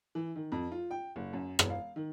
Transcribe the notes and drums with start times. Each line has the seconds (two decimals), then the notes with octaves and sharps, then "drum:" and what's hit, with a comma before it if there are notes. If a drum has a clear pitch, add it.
0.15 E3
0.36 D#3
0.52 F2
0.72 F4
0.91 G5
1.16 F#1
1.33 F#2
1.59 E1, drum: rim click
1.70 F5
1.96 D#3